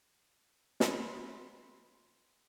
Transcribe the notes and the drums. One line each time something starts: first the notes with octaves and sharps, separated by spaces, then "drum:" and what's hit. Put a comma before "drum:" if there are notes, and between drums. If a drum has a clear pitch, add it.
B5 C6, drum: snare